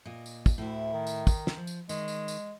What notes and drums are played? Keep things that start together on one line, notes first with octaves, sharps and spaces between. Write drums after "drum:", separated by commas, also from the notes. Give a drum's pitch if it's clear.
A#2 D#5
drum: tambourine
drum: kick, tambourine
D2 A2 E4
D#3
drum: tambourine
drum: kick, tambourine
drum: snare
F3
drum: tambourine
D#3 G#3, drum: tambourine
drum: tambourine
drum: tambourine